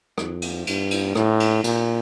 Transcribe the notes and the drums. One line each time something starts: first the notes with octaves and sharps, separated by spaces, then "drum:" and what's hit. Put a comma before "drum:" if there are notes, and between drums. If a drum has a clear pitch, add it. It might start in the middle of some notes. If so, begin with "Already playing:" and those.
F2, drum: rim click
drum: cymbal
G2, drum: cymbal
drum: cymbal
A2, drum: rim click
drum: cymbal
A#2, drum: cymbal